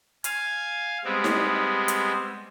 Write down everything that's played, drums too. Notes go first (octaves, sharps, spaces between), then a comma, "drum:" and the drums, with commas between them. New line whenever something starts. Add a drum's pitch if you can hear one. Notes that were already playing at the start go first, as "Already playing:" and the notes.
F5 G#5, drum: hi-hat
G3 G#3 B3 C4
drum: snare D#4
drum: hi-hat